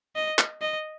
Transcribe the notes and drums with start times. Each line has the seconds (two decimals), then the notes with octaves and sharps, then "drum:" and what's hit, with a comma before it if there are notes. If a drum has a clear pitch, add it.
0.16 D#5
0.39 drum: clap
0.61 D#5